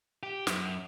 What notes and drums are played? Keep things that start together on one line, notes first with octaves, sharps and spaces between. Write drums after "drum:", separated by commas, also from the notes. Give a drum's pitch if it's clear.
G4
F#2, drum: snare